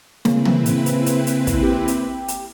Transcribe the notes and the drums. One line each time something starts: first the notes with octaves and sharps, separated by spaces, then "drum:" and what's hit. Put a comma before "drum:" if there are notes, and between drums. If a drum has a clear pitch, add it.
C#3 A#3 C4 E4 B4, drum: snare
drum: tom
drum: hi-hat
drum: hi-hat
drum: hi-hat
drum: hi-hat
drum: kick, hi-hat
G4
drum: hi-hat
drum: hi-hat